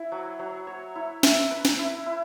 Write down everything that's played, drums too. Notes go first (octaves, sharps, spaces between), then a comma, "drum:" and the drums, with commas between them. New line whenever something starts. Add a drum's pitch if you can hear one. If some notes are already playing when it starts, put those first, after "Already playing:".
Already playing: E4
F#3
F#3
C#5
E4
E5, drum: snare
B4
drum: snare
E4
E4